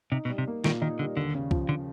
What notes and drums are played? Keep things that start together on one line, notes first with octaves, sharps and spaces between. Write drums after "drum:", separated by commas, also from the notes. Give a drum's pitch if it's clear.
C3 D#4
B2
G3
C3
A#3
A#2 D#3, drum: snare
D#3 D#4
D3 G3
D#2 D3
C#3
F3, drum: kick C2
D3